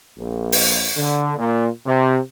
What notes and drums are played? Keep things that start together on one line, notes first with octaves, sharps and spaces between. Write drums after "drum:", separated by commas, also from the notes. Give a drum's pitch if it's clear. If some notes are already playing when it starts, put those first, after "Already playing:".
A#1
drum: open hi-hat
D3
A#2
C3